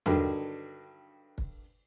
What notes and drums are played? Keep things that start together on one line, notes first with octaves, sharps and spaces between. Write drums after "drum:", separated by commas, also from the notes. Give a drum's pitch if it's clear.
G2 D3 D#3 F#3, drum: tom E2
drum: kick